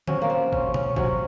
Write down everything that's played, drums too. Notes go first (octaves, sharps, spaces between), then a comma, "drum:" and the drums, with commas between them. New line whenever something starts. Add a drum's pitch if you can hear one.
C3 F#3 C#4, drum: tom D3
A#3
C4
C#4, drum: kick G#1
C#4, drum: tom B2
C3 F#3 C#4, drum: kick G#1